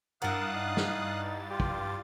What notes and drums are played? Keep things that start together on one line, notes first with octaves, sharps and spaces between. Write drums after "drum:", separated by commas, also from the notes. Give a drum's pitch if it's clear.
G2 E4 A#4 F5 F#5 D#6 F#6 A6
D#4
drum: snare
F4 G4
drum: kick